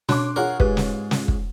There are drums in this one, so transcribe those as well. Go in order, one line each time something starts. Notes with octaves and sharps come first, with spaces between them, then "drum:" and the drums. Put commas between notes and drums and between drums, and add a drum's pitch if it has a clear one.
B2 D4 C#5 C6 D6 F#6, drum: snare
F4 G#4 A#4 C#5 F#5
G#2 G4 B4, drum: kick
drum: snare
drum: snare
drum: kick